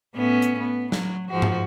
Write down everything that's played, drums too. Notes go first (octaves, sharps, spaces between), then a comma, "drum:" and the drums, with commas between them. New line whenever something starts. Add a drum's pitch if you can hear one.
A2 B3 C#4
drum: hi-hat
B3
F#3, drum: snare
G#2 F3 F#4
drum: tom G2